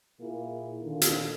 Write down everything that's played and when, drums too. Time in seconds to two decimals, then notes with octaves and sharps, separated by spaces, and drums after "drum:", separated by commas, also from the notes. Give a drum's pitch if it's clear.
0.21 A#2 A#3 E4 G#4
0.81 A#2 D3 D#3 F4
1.01 drum: hi-hat